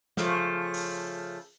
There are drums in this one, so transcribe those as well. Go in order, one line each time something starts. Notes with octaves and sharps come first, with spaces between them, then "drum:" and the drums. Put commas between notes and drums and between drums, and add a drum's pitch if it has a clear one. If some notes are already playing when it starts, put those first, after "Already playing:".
C#3 F3 A3, drum: snare
drum: open hi-hat